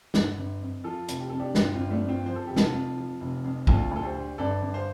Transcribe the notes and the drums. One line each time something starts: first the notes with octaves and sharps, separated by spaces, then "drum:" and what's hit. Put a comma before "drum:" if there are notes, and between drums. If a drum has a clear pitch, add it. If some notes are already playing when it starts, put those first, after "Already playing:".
G1, drum: snare
G1
F2
F3 F4 A4
F1, drum: hi-hat
G4
F2 A4
D4 G4
G1 C4 F4, drum: snare
C4 F4
G1
A3 D4
F2
C4 F4
F3 C5
A4
F1 G4
F4 A4, drum: snare
F2
F3
F1
F2
D2 F4 A4, drum: kick
D2 A4
G4 C5
D3
G1 A4 D5
G1
C5 F5